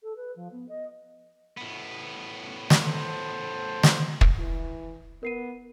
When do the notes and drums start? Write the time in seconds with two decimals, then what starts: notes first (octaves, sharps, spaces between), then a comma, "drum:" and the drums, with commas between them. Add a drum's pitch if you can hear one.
0.02 A4
0.15 B4
0.35 F3
0.51 B3
0.68 D#5
1.57 A2 B3
2.70 drum: snare
2.82 A4 C5
3.83 drum: snare
4.21 drum: kick
4.38 E3
5.23 B3 A#4 C7 D#7